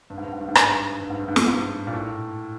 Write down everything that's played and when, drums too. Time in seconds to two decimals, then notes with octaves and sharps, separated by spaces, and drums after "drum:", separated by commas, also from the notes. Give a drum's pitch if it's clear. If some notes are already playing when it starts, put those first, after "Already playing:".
0.10 G2
0.18 G#2
0.25 G2
0.33 G#2
0.41 G2
0.48 G#2
0.55 G2, drum: rim click
1.01 G2
1.10 G#2
1.19 G2
1.28 G#2
1.36 G2, drum: snare
1.47 G#2
1.87 A#2
1.93 A2